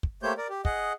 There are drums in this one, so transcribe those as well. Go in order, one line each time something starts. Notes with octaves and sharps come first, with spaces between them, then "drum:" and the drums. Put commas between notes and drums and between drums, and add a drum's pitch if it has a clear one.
drum: kick
A3 A#3 G4 C5 C#5 G6
A#4 D5
G4
G#4 D#5 F#5, drum: kick